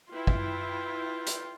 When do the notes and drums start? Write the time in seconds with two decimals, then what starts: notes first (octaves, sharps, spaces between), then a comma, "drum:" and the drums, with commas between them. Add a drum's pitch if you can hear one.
0.12 E4 F4 B4 G5
0.27 drum: kick
1.27 drum: hi-hat